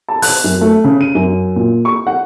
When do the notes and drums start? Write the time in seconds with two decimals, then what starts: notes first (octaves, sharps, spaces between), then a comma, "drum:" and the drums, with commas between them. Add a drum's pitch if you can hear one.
0.09 A5
0.22 F#6, drum: open hi-hat
0.44 F#2
0.61 A3
0.84 C#3
1.01 D#7
1.15 F#2
1.56 A#2
1.85 C#6
2.07 F#5